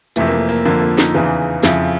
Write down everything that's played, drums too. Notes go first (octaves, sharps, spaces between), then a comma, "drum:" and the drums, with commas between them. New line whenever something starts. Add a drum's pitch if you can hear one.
F2 C3 E3 A3, drum: hi-hat
A#3
A3
A#3
F2 D3 F3 A#3
A#3
D#4, drum: snare
E2 C#3 E3
F2 C#3 F3 E4, drum: snare